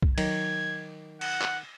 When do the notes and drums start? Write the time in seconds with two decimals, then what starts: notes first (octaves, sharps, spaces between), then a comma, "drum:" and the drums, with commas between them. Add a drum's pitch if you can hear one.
0.02 drum: kick B1
0.18 D#3 F#3 G#6, drum: cymbal
1.21 F#5, drum: cymbal
1.41 drum: clap